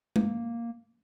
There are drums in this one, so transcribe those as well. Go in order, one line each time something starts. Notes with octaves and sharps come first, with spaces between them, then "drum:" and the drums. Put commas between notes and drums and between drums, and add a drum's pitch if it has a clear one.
A#3, drum: tom G#3